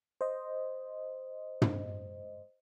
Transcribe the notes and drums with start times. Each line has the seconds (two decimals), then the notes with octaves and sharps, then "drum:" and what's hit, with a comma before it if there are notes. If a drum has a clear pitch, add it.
0.21 C5 D#5
1.62 drum: tom